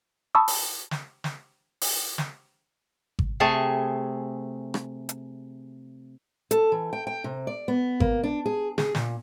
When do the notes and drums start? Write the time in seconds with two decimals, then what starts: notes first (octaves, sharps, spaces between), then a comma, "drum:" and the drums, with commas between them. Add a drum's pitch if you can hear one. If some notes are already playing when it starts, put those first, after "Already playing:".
0.35 A5 B5 C#6 D#6 E6
0.48 drum: open hi-hat
0.91 drum: snare
1.24 drum: snare
1.81 drum: open hi-hat
2.18 drum: snare
3.19 drum: kick G#1
3.40 C3 A3 G#4 G#5 A5
4.74 drum: rim click
5.09 drum: hi-hat
6.51 A4, drum: hi-hat
6.72 E3
6.93 G5
7.07 G5
7.24 C3
7.47 D5
7.68 B3
8.00 A#3, drum: kick G#1
8.24 D4
8.46 G#4
8.78 G#4, drum: snare
8.95 A#2, drum: snare